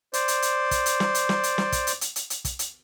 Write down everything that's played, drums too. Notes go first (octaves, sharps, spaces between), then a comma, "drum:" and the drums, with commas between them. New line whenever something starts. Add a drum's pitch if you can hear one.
C5 D5, drum: hi-hat
drum: hi-hat
drum: hi-hat
drum: kick, hi-hat
drum: hi-hat
drum: snare
drum: hi-hat
drum: snare
drum: hi-hat
drum: snare
drum: kick, hi-hat
drum: hi-hat
drum: hi-hat
drum: hi-hat
drum: hi-hat
drum: kick, hi-hat
drum: hi-hat